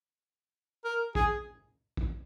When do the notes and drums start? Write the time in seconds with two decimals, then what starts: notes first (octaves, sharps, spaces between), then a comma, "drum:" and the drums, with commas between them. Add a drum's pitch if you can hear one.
0.85 A#4
1.15 G#4, drum: kick
1.97 drum: kick